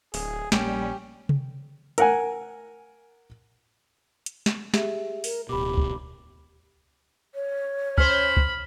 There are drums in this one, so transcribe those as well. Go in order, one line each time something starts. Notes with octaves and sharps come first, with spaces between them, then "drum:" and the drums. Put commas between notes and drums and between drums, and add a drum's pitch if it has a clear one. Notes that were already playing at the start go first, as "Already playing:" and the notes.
D1 G#4, drum: open hi-hat
A#1 G3 A#3 C#4 G4, drum: snare
drum: tom C3
A#4 F#5 G#5, drum: hi-hat
drum: hi-hat
drum: snare
G4 G#4 E5, drum: snare
A#4, drum: open hi-hat
D1 B2 G4 B5 D6
drum: kick C#2
C#5
C#4 C5 B5 F6, drum: kick C#2
drum: kick C#2